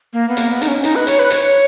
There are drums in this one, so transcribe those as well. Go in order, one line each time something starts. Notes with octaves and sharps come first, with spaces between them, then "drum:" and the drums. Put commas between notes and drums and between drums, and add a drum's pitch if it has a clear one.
A#3
B3
A#3, drum: hi-hat
B3
D#4, drum: hi-hat
C#4
D#4, drum: hi-hat
B4
C#5, drum: hi-hat
B4
C#5, drum: hi-hat